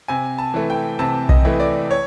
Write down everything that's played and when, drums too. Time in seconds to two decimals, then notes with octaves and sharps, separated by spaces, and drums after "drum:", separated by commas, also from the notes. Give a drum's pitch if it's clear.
0.08 C3 G#5
0.38 A5
0.54 E3 A3
0.70 G5
0.99 C3 A5
1.29 D#5, drum: kick B1
1.45 E3 A3
1.60 D5
1.91 C#5